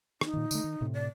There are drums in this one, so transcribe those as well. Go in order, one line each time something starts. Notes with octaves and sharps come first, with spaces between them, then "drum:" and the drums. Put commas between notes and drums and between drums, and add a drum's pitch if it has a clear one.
D#4, drum: rim click
A#2 D#3
D3 A3, drum: tambourine
D#3
A2 C3
D5